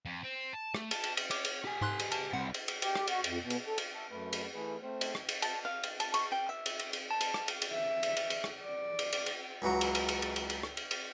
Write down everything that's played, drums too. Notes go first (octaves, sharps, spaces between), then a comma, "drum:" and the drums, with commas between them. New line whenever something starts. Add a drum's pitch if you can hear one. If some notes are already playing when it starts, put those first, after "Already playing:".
F2
C4
A5
A3, drum: rim click
A5, drum: cymbal
drum: cymbal
drum: cymbal
C#5 D6, drum: cymbal
drum: cymbal
G4 G#5
G#2 C6 F#6
drum: cymbal
A5, drum: cymbal
C2 C3 F#5
drum: cymbal
drum: cymbal
G4, drum: cymbal
drum: rim click
F#4, drum: cymbal
F2, drum: cymbal
B2
drum: cymbal
A4
drum: cymbal
E5 A5
F#2 A3 B4
drum: cymbal
E3 A3 G#4 B4
A3 C4 C5
drum: cymbal
drum: rim click
drum: cymbal
A5, drum: cymbal
F5
drum: cymbal
A5, drum: cymbal
C#6, drum: cymbal
G5
E5
drum: cymbal
drum: cymbal
drum: cymbal
A5
drum: cymbal
drum: rim click
drum: cymbal
drum: cymbal
E5
drum: cymbal
drum: cymbal
drum: cymbal
drum: rim click
D5
drum: cymbal
drum: cymbal
drum: cymbal
C#2 E3 F#3 F#4 A#5
drum: cymbal
drum: cymbal
drum: cymbal
drum: cymbal
drum: cymbal
drum: cymbal
drum: rim click
drum: cymbal
drum: cymbal